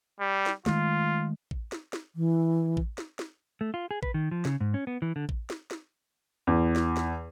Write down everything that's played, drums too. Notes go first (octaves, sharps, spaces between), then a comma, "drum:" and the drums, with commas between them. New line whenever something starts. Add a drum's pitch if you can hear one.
G3
drum: snare
D#3 G#3 A3 F4, drum: snare
drum: kick A1
drum: snare
drum: snare
E3
drum: kick A1
drum: snare
drum: snare
A3
F4
G#4
B4, drum: kick A1
D#3
F3
C#3, drum: snare
G#2
C#4
B3
E3
D3
drum: kick A1
drum: snare
drum: snare
E2
drum: snare
drum: snare